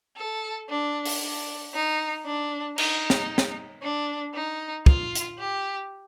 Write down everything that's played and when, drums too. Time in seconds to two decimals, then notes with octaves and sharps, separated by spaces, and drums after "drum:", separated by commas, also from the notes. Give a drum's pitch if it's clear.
0.17 A4
0.69 D4
1.05 drum: open hi-hat
1.21 D4
1.74 D#4
2.26 D4
2.78 D#4, drum: cymbal
3.10 drum: snare
3.38 drum: snare
3.82 D4
4.34 D#4
4.86 F4, drum: kick
5.15 drum: hi-hat
5.39 G4